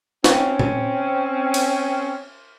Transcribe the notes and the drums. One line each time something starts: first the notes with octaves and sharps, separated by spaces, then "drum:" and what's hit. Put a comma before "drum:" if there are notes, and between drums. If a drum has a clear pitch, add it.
C4 C#4, drum: snare
drum: tom A#2
drum: cymbal